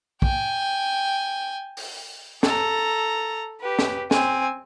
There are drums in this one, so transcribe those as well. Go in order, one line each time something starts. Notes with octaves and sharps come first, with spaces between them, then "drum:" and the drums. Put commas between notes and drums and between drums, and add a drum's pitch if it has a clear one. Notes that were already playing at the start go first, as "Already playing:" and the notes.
G5 G#5, drum: kick
drum: open hi-hat
A4 A#5, drum: snare
G4 B4
drum: snare
C4 G#5, drum: snare